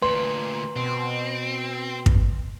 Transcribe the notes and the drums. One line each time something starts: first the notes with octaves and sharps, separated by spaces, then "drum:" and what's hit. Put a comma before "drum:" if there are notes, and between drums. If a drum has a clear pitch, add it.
D2 A#2 B4 C6
B2 C4
drum: kick